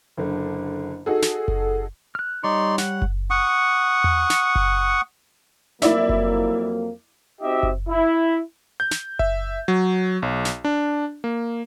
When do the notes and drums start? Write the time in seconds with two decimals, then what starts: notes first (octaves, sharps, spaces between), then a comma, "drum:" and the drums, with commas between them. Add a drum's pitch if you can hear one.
0.17 F#1 D3
1.06 D#4 F#4 G#4 A4
1.22 drum: snare
1.48 drum: kick F#1
2.15 F6 F#6
2.43 G3 D#4 C#5 D5 C6
2.78 F#5, drum: snare
3.02 drum: kick F#1
3.30 F#5 C#6 D#6
4.04 drum: tom E2
4.30 drum: snare
4.55 drum: kick F#1
5.82 F2 F#3 A#3 E4 D5 E5, drum: snare
6.09 drum: kick F#1
7.41 C4 D#4 F#4 G4 D#5 E5
7.63 drum: kick F#1
7.89 E4
8.80 G6
8.91 drum: snare
9.19 E5, drum: kick F#1
9.68 F#3
10.22 B1
10.45 drum: snare
10.65 D4
11.24 A#3